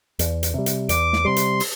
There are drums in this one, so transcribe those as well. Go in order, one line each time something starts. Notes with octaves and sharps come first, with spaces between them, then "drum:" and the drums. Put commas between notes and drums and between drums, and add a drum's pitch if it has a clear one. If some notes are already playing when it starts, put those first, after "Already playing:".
E2, drum: hi-hat
drum: hi-hat
C3 G3
drum: hi-hat
E2 D6, drum: hi-hat
drum: snare
C3 G3 C6
drum: hi-hat
drum: open hi-hat